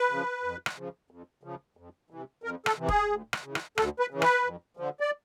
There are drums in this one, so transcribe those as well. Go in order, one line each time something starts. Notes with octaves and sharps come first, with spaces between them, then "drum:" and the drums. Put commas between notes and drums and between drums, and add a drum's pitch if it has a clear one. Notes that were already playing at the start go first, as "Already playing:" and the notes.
Already playing: B4
C#3 F3
F2
drum: rim click
C#3 F3
F2
C#3 F3
F2
C3 E3
F2 A#4
A4, drum: rim click
C3 E3
G#4, drum: kick
D2
drum: rim click
C#3 E3
drum: rim click
D2 A4, drum: rim click
B4
C#3 E3
B4, drum: rim click
F2
D3 F3
D5